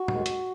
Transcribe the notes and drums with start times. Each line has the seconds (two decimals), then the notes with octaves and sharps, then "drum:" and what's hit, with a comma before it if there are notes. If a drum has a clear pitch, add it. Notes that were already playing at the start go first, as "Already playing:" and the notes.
Already playing: F#4
0.08 D#2 D#3 G#3, drum: tom
0.26 drum: hi-hat